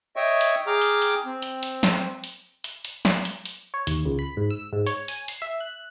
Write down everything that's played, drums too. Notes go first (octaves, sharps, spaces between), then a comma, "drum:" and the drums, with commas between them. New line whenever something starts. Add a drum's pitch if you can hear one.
C#5 D#5 E5 G5 C#6
drum: hi-hat
G#4 G5 A#5 D6 F6
drum: hi-hat
drum: hi-hat
C4
drum: hi-hat
drum: hi-hat
drum: snare
drum: hi-hat
drum: hi-hat
drum: hi-hat
drum: snare
drum: hi-hat
drum: hi-hat
C#5
D#2, drum: hi-hat
C#2
B5
G#2
E6
G#2
C#5, drum: hi-hat
G#5, drum: hi-hat
C7, drum: hi-hat
E5
F#6